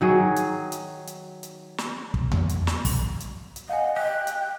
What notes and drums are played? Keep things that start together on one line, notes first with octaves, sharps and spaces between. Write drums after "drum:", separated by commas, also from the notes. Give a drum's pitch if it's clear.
D#3 F#3 G#4
drum: hi-hat
drum: hi-hat
drum: hi-hat
drum: hi-hat
drum: snare
drum: kick
drum: tom E2
drum: hi-hat
drum: snare
drum: kick, open hi-hat
drum: hi-hat
drum: hi-hat
D#5 F5 F#5 G#5
D#5 G5 F#6
drum: hi-hat